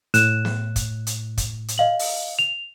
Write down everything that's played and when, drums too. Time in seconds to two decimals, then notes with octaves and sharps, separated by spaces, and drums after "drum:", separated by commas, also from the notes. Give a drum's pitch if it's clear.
0.14 A2 F#6 E7, drum: hi-hat
0.45 drum: snare
0.76 drum: kick, hi-hat
1.07 drum: hi-hat
1.37 drum: kick, hi-hat
1.68 drum: hi-hat
1.78 D#5 F5 F#7
1.99 drum: open hi-hat
2.39 F7